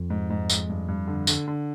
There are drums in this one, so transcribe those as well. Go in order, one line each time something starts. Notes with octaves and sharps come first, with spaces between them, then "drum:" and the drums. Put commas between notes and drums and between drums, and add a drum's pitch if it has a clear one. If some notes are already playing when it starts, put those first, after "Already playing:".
Already playing: F2
G#2
G#2
G#3, drum: tambourine
G2
G2
D3
D3, drum: tambourine
D3